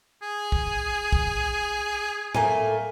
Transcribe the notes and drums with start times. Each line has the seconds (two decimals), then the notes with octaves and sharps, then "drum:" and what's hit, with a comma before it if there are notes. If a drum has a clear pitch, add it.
0.22 G#4
0.52 drum: kick
1.13 drum: kick
2.35 A3 A#3 G#5, drum: tom A2